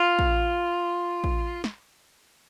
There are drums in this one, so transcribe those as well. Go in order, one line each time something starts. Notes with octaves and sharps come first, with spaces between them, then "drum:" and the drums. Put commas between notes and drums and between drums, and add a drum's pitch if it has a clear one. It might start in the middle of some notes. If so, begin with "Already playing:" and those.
Already playing: F4
drum: kick
drum: kick
drum: snare